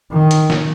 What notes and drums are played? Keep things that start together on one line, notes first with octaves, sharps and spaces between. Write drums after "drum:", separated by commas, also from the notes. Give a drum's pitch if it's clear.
D#3
drum: hi-hat
drum: snare